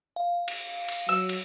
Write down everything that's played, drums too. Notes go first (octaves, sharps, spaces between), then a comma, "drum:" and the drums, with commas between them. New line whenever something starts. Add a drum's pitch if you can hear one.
F5
drum: cymbal
drum: cymbal
F#3 E6
drum: cymbal